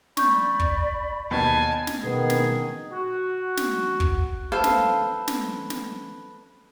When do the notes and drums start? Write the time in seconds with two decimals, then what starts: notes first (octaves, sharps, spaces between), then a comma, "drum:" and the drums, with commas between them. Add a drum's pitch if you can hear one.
0.17 D5 B5 C#6 G6, drum: snare
0.60 drum: kick
1.31 D#2 B2 G#5 A5 B5
1.87 drum: snare
2.04 B2 D#3 B3 G#4
2.30 drum: snare
2.90 F#4
3.57 drum: snare
4.00 drum: kick
4.52 A4 B4 C5 F5
4.64 drum: snare
5.28 drum: snare
5.70 drum: snare